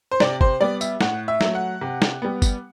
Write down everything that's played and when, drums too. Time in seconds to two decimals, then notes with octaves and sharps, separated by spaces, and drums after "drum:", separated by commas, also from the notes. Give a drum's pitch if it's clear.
0.11 C5
0.20 C3 D5, drum: snare
0.41 C5, drum: kick G1
0.60 G3 B3 D5
0.81 E5, drum: tambourine
1.01 A2 F#5, drum: snare
1.28 E5
1.41 F#3 A3, drum: snare
1.55 F#5
1.81 C3
2.02 drum: snare
2.22 G3 B3
2.42 drum: kick G1, tambourine